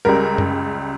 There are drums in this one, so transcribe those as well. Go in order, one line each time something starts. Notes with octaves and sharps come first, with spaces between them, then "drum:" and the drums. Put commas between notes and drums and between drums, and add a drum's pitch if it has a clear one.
C#2 C#3 G3 A#4
drum: tom F#2